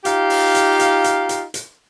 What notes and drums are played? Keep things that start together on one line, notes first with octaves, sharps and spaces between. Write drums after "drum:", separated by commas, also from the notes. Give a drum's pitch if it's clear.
D#4 F4 G4 F5, drum: hi-hat
drum: open hi-hat
drum: hi-hat
drum: hi-hat
drum: hi-hat
drum: hi-hat
drum: hi-hat